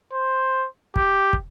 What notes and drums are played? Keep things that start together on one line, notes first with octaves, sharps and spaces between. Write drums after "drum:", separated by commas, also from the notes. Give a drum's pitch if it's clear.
C5
G4, drum: kick
drum: kick